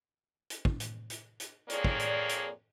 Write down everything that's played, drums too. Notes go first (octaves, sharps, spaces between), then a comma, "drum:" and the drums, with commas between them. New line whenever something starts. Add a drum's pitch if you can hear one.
drum: hi-hat
drum: kick
drum: hi-hat
drum: hi-hat
drum: hi-hat
F2 A#3 G#4 C#5 D5, drum: hi-hat
drum: kick
drum: hi-hat
drum: hi-hat